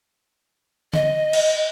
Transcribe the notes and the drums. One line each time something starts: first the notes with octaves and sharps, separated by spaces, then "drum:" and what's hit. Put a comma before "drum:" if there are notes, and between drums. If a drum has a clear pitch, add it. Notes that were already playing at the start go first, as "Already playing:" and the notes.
D#5, drum: tom D3
drum: cymbal